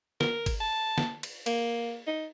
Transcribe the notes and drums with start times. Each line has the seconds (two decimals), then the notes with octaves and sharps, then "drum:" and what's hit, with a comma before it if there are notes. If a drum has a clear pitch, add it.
0.21 A#4, drum: snare
0.46 drum: kick, cymbal
0.60 A5
0.98 drum: snare
1.23 drum: cymbal
1.46 A#3, drum: cymbal
2.07 D#4